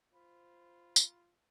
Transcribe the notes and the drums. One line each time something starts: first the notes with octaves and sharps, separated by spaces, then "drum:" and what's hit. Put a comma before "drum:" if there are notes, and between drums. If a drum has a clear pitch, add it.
F4 C5 B5
drum: tambourine